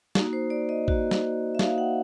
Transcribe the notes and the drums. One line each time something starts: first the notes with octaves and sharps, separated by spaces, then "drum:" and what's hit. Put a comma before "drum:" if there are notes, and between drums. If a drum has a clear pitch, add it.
A#3 D#4 F#4, drum: snare
C5
D5
D#5
A#3 D#4 F#4, drum: kick
drum: snare
E5
A#3 D#4 F#4 F5, drum: snare
F#5